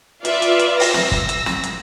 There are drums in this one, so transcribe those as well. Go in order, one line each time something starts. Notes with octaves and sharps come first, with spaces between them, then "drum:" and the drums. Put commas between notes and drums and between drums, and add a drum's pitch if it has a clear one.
F4 B4 D5 E5, drum: hi-hat
drum: hi-hat
drum: hi-hat
E6 A#6, drum: open hi-hat
drum: snare
drum: kick
drum: hi-hat
drum: snare
drum: hi-hat